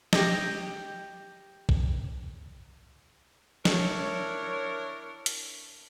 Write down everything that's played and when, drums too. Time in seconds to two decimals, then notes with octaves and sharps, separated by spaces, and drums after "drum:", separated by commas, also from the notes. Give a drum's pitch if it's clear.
0.13 G4 D#5, drum: snare
1.69 drum: kick
3.65 D4 E4 A#4 C#5, drum: snare
5.26 drum: hi-hat